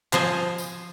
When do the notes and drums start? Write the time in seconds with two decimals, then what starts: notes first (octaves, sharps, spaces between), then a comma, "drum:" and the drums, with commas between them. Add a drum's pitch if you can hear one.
0.13 F3 C5 D#5 G#5, drum: clap
0.58 drum: tambourine